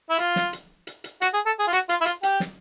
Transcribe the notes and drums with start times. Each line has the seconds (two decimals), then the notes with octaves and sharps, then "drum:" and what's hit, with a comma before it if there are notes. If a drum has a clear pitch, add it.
0.10 E4
0.19 F4, drum: hi-hat
0.36 drum: snare
0.53 drum: hi-hat
0.87 drum: hi-hat
1.04 drum: hi-hat
1.22 F#4, drum: hi-hat
1.34 G#4
1.46 A4
1.59 G#4
1.68 F4
1.73 F#4, drum: hi-hat
1.89 F4, drum: hi-hat
2.01 E4
2.06 F4, drum: hi-hat
2.23 G4, drum: hi-hat
2.40 drum: snare